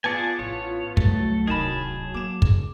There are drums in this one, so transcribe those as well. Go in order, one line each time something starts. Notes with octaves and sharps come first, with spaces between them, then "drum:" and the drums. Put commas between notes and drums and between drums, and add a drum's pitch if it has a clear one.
B3 F4 G#4 D5 G#5 A5 C#7
A1 C#5
C2 F#3 G#3 A3 A4, drum: kick
D1 C2 D#3 G#4 A5 B5
A#3 D6 E7
D#2 C#3, drum: kick